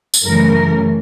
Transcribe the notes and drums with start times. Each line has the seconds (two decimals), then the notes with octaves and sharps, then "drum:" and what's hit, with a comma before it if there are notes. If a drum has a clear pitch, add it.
0.14 drum: tambourine
0.23 F#2 C#3 E3 A3 A#4